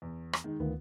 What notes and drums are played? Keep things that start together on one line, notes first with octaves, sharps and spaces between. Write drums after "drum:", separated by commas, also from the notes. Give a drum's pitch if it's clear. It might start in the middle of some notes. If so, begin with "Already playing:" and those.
E2
drum: rim click
D#3 G#3 D#4
D2 D#3 B3 F4